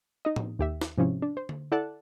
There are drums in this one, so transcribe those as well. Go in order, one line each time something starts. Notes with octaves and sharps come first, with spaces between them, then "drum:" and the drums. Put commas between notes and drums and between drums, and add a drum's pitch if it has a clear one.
D#4 D#5
drum: tom
D#2 G4 E5
drum: snare
G#2 C3 F3 C#4 E4
D4
C5
drum: tom D3
E4 A4 D5 F#5 A5 F#6